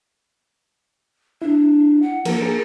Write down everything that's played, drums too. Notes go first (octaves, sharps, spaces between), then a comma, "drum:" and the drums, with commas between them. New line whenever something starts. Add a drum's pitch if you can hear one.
D4 E4
F#5
F3 A#3 A4 A#4, drum: cymbal
G#4 A#4